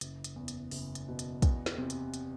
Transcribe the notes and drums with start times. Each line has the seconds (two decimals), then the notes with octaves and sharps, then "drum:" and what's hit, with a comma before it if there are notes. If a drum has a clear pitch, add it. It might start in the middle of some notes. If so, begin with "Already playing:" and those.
0.01 F#1, drum: hi-hat
0.24 drum: hi-hat
0.36 E2
0.48 drum: hi-hat
0.71 F#1, drum: open hi-hat
0.95 drum: hi-hat
1.08 B2
1.19 drum: hi-hat
1.42 E2, drum: kick, hi-hat
1.66 drum: snare
1.78 C3
1.90 drum: hi-hat
2.14 drum: hi-hat